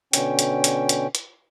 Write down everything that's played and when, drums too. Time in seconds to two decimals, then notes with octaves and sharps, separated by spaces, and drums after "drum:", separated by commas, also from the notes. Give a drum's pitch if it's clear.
0.13 B2 D3 C#4 G5, drum: hi-hat
0.39 drum: hi-hat
0.64 drum: hi-hat
0.89 drum: hi-hat
1.15 drum: hi-hat